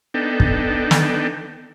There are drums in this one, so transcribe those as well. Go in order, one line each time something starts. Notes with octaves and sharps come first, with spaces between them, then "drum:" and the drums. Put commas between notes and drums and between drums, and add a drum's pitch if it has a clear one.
B3 D4 D#4 A4 G5
drum: kick
drum: snare